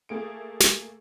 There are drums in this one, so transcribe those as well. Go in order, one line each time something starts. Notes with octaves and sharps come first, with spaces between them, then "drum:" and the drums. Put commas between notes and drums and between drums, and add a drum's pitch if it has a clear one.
A3 A#3 G#4 D7
drum: snare